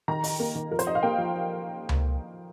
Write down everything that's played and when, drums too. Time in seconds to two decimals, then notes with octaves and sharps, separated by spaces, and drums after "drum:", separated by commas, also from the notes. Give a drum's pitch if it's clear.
0.08 D#3 A#5
0.24 D#4, drum: open hi-hat
0.40 A#3
0.55 D#3
0.71 F3 A#4
0.79 C5, drum: hi-hat
0.87 D#4 D#5
0.95 F5
1.03 A#3 G5
1.18 F3
1.89 drum: tom C#2